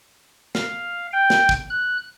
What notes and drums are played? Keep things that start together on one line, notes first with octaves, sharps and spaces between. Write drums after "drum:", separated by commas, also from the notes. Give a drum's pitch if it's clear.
F5, drum: snare
G5
drum: snare
drum: kick
F#6